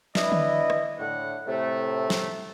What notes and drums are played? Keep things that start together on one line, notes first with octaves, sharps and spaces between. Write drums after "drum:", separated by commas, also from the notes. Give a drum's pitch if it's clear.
D4 E4 B4 D#5, drum: snare
drum: tom D3
drum: rim click
A2 D3 F#5
A2 C3 A3
drum: snare